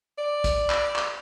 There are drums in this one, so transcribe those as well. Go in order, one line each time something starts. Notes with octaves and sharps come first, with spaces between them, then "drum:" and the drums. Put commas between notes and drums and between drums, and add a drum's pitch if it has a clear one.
D5
drum: kick, hi-hat
drum: clap
drum: clap